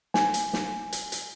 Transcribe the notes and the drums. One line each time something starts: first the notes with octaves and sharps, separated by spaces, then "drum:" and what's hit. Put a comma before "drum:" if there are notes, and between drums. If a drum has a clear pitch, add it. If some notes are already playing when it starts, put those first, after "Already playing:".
G#5, drum: snare
drum: hi-hat
drum: snare
drum: hi-hat
drum: hi-hat